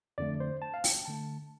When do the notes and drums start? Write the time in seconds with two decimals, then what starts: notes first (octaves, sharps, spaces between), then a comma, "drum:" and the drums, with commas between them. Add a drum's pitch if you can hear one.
0.18 F2 D3 A3 D5
0.40 C5
0.62 A5
0.74 F5
0.84 G5, drum: open hi-hat
1.05 D3 A3 A5